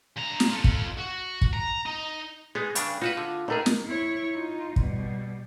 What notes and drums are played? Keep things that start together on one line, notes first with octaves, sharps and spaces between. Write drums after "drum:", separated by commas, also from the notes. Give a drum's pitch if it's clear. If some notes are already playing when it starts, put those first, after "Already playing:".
G2 A#5
drum: snare
F4 A4
drum: kick
F#4
drum: kick
A#5
D#4
G#3 B3 D#4 G#4
G2 C#3 D4, drum: hi-hat
D#4 F4 F#4 B4
D3
A2 A3 D#4 G#4 A#4
drum: snare
E4 C#5
D#4 F4
B2 G3, drum: kick